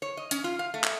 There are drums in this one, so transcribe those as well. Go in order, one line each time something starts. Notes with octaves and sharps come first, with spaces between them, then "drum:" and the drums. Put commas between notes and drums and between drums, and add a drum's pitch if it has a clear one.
C#5
D#5
C#4, drum: hi-hat
F4
F5
A3
drum: clap